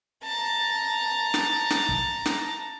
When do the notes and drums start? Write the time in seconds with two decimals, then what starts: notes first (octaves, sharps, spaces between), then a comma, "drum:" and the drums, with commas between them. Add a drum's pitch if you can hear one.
0.24 A5 A#5
1.34 drum: snare
1.70 drum: snare
1.89 drum: kick
2.26 drum: snare